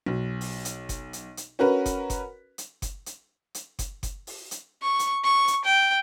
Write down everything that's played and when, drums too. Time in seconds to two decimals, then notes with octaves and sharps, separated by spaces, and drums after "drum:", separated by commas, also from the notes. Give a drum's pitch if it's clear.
0.06 B1
0.41 drum: open hi-hat
0.65 drum: hi-hat
0.89 drum: kick F#1, hi-hat
1.13 drum: hi-hat
1.37 drum: hi-hat
1.59 C#4 F#4 A#4 B4
1.86 drum: kick F#1, hi-hat
2.10 drum: kick F#1, hi-hat
2.58 drum: hi-hat
2.82 drum: kick F#1, hi-hat
3.06 drum: hi-hat
3.55 drum: hi-hat
3.79 drum: kick F#1, hi-hat
4.03 drum: kick F#1, hi-hat
4.27 drum: open hi-hat
4.51 drum: hi-hat
4.82 C#6
4.99 drum: hi-hat
5.23 C#6
5.48 drum: hi-hat
5.65 G5